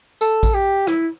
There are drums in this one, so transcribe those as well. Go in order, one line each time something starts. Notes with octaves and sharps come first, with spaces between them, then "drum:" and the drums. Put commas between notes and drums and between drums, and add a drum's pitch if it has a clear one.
A4, drum: tambourine
drum: kick A1, tambourine
G4
E4, drum: rim click